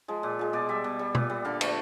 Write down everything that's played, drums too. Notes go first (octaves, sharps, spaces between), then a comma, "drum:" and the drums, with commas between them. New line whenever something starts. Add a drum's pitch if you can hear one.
F3 G#3
A#2
F3 G#3
B2 D5
G3 E5
B2
G3
A#2, drum: tom B2
G3
D3 F5
F3 A3, drum: cymbal